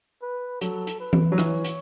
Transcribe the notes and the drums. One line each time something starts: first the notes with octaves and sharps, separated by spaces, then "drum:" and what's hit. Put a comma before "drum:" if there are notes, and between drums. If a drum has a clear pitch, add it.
B4
F#3 A4, drum: hi-hat
drum: hi-hat
B4
drum: tom E3
F#3
E3 C#5, drum: rim click
drum: hi-hat